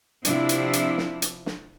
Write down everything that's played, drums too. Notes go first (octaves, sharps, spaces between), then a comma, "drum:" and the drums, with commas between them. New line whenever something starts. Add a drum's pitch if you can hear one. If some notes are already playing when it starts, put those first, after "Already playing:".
C3 F3 D4 E4, drum: hi-hat
drum: hi-hat
drum: hi-hat
drum: snare
drum: hi-hat
drum: snare